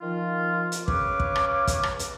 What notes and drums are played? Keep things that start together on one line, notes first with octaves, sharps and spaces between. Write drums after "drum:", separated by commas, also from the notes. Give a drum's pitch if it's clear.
D#3 F3 F4
drum: hi-hat
C#3 B4 C#5 F5 D6, drum: kick
drum: kick
drum: rim click
drum: kick, hi-hat
drum: rim click
drum: hi-hat